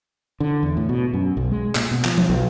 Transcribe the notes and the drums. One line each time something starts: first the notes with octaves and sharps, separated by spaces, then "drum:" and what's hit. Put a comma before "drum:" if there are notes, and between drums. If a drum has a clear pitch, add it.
D3
E2
A2
B2
F#2
B1
G#3
A#2, drum: clap
B2
F3, drum: clap
drum: tom
B1